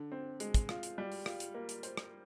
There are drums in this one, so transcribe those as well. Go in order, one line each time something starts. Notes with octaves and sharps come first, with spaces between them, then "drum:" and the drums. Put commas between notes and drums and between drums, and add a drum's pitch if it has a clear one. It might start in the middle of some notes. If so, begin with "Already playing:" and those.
Already playing: D3
C4
G#3, drum: hi-hat
drum: kick, hi-hat
F4, drum: rim click
drum: hi-hat
G3
drum: open hi-hat
F4, drum: rim click
drum: hi-hat
A#3
drum: hi-hat
C5, drum: hi-hat
drum: rim click